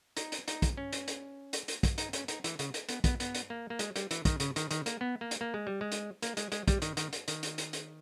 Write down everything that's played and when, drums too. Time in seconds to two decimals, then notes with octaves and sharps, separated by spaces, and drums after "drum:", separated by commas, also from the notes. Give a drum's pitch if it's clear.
0.17 D#4, drum: hi-hat
0.32 drum: hi-hat
0.48 D#4, drum: hi-hat
0.62 drum: kick, hi-hat
0.77 C#4
0.93 drum: hi-hat
1.08 drum: hi-hat
1.53 drum: hi-hat
1.68 drum: hi-hat
1.83 drum: kick, hi-hat
1.98 D#4, drum: hi-hat
2.13 C#4, drum: hi-hat
2.28 D#4, drum: hi-hat
2.44 E3, drum: hi-hat
2.59 C#3, drum: hi-hat
2.74 drum: hi-hat
2.89 B3, drum: hi-hat
3.04 B3, drum: kick, hi-hat
3.20 B3, drum: hi-hat
3.35 drum: hi-hat
3.50 A#3
3.70 A#3
3.79 G#3, drum: hi-hat
3.96 G3, drum: hi-hat
4.11 E3, drum: hi-hat
4.25 D#3, drum: kick, hi-hat
4.40 C#3, drum: hi-hat
4.56 D#3, drum: hi-hat
4.71 D#3, drum: hi-hat
4.86 A#3, drum: hi-hat
5.01 B3
5.21 A#3
5.31 drum: hi-hat
5.41 A#3
5.54 G#3
5.67 G3
5.81 G#3
5.92 drum: hi-hat
6.22 A#3, drum: hi-hat
6.37 G#3, drum: hi-hat
6.52 G#3, drum: hi-hat
6.68 G3, drum: kick, hi-hat
6.82 D#3, drum: hi-hat
6.97 D#3, drum: hi-hat
7.13 drum: hi-hat
7.28 D#3, drum: hi-hat
7.43 drum: hi-hat
7.58 drum: hi-hat
7.73 drum: hi-hat